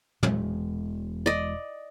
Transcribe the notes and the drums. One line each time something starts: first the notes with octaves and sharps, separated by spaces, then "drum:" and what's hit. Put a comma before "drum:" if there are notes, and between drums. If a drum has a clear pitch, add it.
E1 G#3, drum: tom
D5 D#5